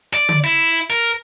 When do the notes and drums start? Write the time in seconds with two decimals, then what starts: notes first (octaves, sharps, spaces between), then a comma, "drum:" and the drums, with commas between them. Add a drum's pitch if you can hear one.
0.14 D5
0.29 drum: tom
0.44 E4
0.90 A#4